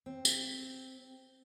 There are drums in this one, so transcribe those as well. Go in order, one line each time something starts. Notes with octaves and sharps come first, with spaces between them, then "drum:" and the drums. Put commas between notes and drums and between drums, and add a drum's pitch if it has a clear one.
C4
drum: tambourine